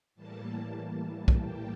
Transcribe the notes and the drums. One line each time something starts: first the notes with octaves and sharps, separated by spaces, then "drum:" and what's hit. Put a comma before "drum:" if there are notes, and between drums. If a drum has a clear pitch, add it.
A2 E3 G3 A#3 A5
G5, drum: kick B1